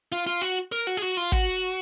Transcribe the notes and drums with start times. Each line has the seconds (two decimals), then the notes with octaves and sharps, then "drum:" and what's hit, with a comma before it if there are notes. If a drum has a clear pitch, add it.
0.12 F4
0.27 F4
0.42 F#4
0.72 A#4
0.87 F#4
0.97 G#4
1.02 F#4
1.17 F4
1.32 F#4, drum: kick